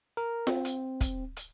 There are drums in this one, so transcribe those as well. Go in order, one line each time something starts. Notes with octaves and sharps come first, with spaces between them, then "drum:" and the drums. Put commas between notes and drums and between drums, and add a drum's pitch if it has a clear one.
A#4
C4, drum: snare F4
drum: hi-hat
drum: kick, hi-hat
drum: hi-hat